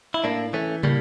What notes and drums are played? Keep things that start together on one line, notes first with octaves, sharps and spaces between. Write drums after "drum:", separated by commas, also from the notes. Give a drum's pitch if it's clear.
E4
A2 A#3 D4
E3 A3 C#4
A2 G3 A#3, drum: tom